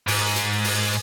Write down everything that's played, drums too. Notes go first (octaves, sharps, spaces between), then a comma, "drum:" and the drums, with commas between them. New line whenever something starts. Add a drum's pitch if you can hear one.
G#2, drum: open hi-hat
drum: hi-hat
drum: open hi-hat